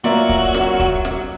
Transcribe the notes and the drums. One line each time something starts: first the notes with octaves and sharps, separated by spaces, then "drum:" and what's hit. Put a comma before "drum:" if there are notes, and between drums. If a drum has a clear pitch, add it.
F#3 A#3 F4 F#4 A#4 D5 E5
drum: kick
drum: snare
drum: kick
drum: snare